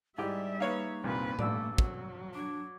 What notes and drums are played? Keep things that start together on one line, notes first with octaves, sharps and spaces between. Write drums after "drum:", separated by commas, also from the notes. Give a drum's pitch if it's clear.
G#2 G3 E4 G4 G#4 D5 E5
A#3 D#4 B4 C#5 F5
C2 G2 A#2 C4 B4
A1 G2 A3 D5 E6, drum: tom A2
F#3, drum: kick
D4 D6 G#6